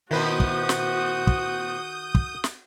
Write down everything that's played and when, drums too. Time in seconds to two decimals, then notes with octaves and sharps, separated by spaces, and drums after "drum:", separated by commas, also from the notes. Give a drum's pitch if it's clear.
0.11 A#2 D#3 C4 E4 F#4 B4 D#6 G6
0.40 drum: kick
0.69 drum: snare
1.27 drum: kick
2.15 drum: kick
2.44 drum: snare